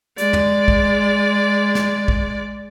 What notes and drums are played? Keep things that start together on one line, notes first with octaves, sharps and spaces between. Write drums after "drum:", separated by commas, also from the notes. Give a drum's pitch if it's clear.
G#3 D5, drum: hi-hat
drum: tom
drum: kick
drum: snare
drum: kick